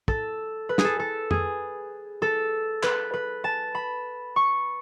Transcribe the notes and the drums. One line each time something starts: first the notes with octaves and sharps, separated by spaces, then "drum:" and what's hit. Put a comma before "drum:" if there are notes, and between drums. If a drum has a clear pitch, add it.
A4, drum: kick
B4
G#4, drum: snare
A4
A4
G#4, drum: tom F2
A4
B4, drum: clap
B4
A5
B5
C#6